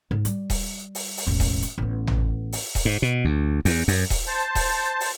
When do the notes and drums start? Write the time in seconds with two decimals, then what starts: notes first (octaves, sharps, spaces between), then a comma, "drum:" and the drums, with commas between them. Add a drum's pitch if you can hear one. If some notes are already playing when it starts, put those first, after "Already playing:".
0.11 G#2
0.25 G3, drum: hi-hat
0.50 drum: kick D#1, open hi-hat
0.95 drum: open hi-hat
1.17 drum: open hi-hat
1.27 E1 A1
1.40 drum: kick D#1, open hi-hat
1.62 drum: hi-hat
1.78 A1 B3
2.07 drum: tom
2.52 drum: open hi-hat
2.75 drum: kick D#1, open hi-hat
2.85 G#2
3.02 B2
3.25 D2
3.65 E2, drum: open hi-hat
3.88 F#2, drum: open hi-hat
4.10 drum: kick D#1, open hi-hat
4.27 C5 A5
4.55 drum: kick D#1, open hi-hat
5.00 drum: open hi-hat